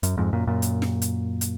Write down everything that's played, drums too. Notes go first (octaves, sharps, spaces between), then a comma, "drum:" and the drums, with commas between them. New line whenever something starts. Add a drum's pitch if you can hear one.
F#2, drum: hi-hat
F2 G#2
F#2 A#2
F#2 A#2
drum: hi-hat
drum: snare
drum: hi-hat
drum: hi-hat